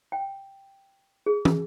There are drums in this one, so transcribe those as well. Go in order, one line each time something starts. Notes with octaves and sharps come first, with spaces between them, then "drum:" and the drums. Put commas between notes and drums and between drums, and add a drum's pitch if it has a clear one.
G5
G#4
drum: tom